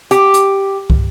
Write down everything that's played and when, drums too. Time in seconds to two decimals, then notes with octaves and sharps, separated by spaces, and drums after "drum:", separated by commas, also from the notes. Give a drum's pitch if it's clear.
0.11 G4, drum: hi-hat
0.34 drum: hi-hat
0.90 drum: kick